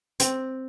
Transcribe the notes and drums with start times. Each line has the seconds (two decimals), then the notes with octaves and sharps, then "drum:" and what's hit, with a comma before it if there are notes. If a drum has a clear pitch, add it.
0.20 C4, drum: hi-hat